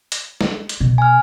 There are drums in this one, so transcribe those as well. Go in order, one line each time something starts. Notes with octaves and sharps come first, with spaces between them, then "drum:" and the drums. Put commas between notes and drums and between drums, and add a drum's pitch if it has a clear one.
drum: hi-hat
drum: snare
drum: hi-hat
B2
G#5 F6